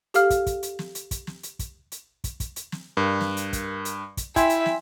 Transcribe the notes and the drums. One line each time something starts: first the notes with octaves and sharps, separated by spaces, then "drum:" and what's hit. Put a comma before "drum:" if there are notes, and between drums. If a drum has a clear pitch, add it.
G4 A4 F5 F6, drum: hi-hat
drum: kick, hi-hat
drum: kick, hi-hat
drum: hi-hat
drum: snare
drum: hi-hat
drum: kick, hi-hat
drum: snare
drum: hi-hat
drum: kick, hi-hat
drum: hi-hat
drum: kick, hi-hat
drum: kick, hi-hat
drum: hi-hat
drum: snare
G2 A#4
drum: snare
drum: hi-hat
drum: kick, hi-hat
drum: hi-hat
drum: kick, hi-hat
E4 E5 G5 G#5 C6, drum: kick, hi-hat
drum: hi-hat
drum: snare